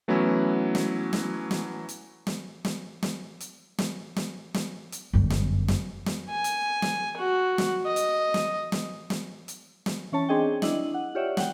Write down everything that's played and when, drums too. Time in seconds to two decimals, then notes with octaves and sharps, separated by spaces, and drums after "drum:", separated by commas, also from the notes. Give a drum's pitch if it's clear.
0.08 E3 F#3 A3 B3 C#4 E4
0.75 drum: snare
1.13 drum: snare
1.51 drum: snare
1.89 drum: hi-hat
2.27 drum: snare
2.65 drum: snare
3.02 drum: snare
3.40 drum: hi-hat
3.78 drum: snare
4.16 drum: snare
4.54 drum: snare
4.92 drum: hi-hat
5.13 G1 F#2
5.30 drum: snare
5.68 drum: snare
6.06 drum: snare
6.29 G#5
6.44 drum: hi-hat
6.82 drum: snare
7.17 F#4
7.58 drum: snare
7.85 D#5
7.96 drum: hi-hat
8.34 drum: snare
8.72 drum: snare
9.10 drum: snare
9.48 drum: hi-hat
9.86 drum: snare
10.12 E3 C#4 C#5 A5
10.29 C4 D4 G#4 D#5 G5
10.62 D4 E4 D#5 F#7, drum: snare
10.94 F#5
11.15 F4 G4 C#5 D5 E5 F#5
11.37 F#5 G5, drum: snare